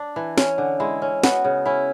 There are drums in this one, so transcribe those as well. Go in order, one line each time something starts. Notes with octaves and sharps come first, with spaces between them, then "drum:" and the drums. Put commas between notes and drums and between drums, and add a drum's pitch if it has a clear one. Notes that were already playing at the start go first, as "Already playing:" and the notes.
Already playing: D4
E3
C#4, drum: snare
D3
G#3 E4
C#4
B3 F#4, drum: snare
C#3
C#4 E4